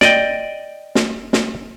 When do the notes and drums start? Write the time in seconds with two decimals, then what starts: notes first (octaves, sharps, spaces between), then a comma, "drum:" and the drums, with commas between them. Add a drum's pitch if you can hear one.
0.01 D5 D#5 G5, drum: snare
0.95 drum: snare
1.33 drum: snare